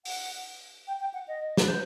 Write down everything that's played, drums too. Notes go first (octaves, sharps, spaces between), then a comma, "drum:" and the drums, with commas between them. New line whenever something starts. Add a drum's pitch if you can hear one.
F#5, drum: open hi-hat
G5
G5
F#5
D#5
B4, drum: snare
C5